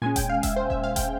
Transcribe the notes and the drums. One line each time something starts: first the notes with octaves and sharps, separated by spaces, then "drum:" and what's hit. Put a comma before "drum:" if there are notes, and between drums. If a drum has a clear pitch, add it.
A#2 G#3 C#4 G#5
G5, drum: kick E1, hi-hat
F5
E5, drum: kick E1, hi-hat
C5
E5, drum: kick E1
F5
G5, drum: kick E1, hi-hat